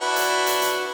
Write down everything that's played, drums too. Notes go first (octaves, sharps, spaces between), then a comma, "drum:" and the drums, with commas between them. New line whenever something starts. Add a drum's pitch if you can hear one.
D4 E4 F#4 B4 F#5
drum: hi-hat
drum: hi-hat
drum: hi-hat